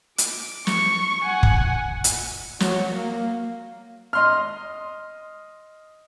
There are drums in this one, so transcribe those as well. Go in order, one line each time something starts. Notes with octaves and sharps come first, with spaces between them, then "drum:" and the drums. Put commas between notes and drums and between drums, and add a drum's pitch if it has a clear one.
D6, drum: hi-hat
C#6, drum: snare
F#5 G#5
drum: kick
drum: hi-hat
F#3, drum: snare
A#3
D#5 C6 F6